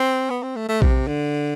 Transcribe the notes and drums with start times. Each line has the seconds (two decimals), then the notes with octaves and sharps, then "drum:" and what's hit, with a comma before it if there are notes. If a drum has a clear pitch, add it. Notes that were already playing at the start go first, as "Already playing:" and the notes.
Already playing: C4
0.30 B3
0.43 C4
0.56 A3
0.69 A3
0.82 C3, drum: kick A#1
1.08 D3